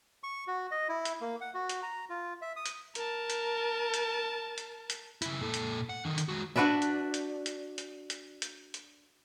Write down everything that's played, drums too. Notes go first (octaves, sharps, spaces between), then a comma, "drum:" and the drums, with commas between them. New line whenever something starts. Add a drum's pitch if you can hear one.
C#6
F#4
D#5
E4
drum: hi-hat
A#3
F#5
F#4
drum: hi-hat
A#5
F4
E5
D#6
drum: hi-hat
A#4 A5, drum: hi-hat
drum: hi-hat
drum: hi-hat
drum: hi-hat
drum: hi-hat
C#3 E4, drum: hi-hat
A#2 A4
drum: hi-hat
F#5
D3 D#3
drum: hi-hat
G#3 F#4
D4 F#4 B4 D5 E5
drum: hi-hat
drum: hi-hat
drum: hi-hat
drum: hi-hat
drum: hi-hat
drum: hi-hat
drum: hi-hat